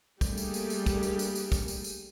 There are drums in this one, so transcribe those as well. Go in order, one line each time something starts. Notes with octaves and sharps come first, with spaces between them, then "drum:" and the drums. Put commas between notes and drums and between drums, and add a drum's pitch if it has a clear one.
G3 A3 A#3 D4 G4 G#4, drum: kick, tambourine
drum: tambourine
drum: tambourine
drum: tambourine
drum: kick, tambourine
drum: tambourine
drum: tambourine
drum: tambourine
drum: kick, tambourine
drum: tambourine
drum: tambourine